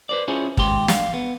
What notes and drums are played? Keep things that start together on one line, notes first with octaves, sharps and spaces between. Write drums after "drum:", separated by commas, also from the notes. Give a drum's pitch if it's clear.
B4 C5 D5
C#4 E4 F4 G#4 C5 C#5
D#2 G#2 G4 C6, drum: kick
F5, drum: snare
B3